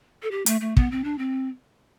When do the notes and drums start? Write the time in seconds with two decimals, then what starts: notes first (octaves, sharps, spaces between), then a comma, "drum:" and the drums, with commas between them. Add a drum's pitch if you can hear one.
0.23 A4
0.31 G4
0.46 A3, drum: hi-hat
0.61 A3
0.77 B3, drum: kick
0.91 C4
1.04 D4
1.18 C4